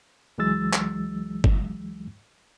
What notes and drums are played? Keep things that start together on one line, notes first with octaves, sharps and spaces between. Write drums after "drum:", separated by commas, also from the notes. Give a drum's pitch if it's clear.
C#2 E3 F#3 G#3 E6 A6
drum: clap
drum: kick G1